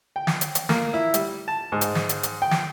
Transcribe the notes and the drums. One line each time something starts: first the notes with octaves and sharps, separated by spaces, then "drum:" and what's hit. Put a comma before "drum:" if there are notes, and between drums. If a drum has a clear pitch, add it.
G5
drum: snare
drum: hi-hat
drum: hi-hat
A#3, drum: snare
E4
G3, drum: hi-hat
A5
G#2
drum: hi-hat
drum: snare
drum: hi-hat
drum: hi-hat
G5
drum: snare